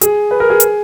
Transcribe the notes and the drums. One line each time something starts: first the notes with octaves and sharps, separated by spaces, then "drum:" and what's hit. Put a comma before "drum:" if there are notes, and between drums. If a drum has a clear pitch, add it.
G#4, drum: hi-hat
B4
A#4
G#4
drum: hi-hat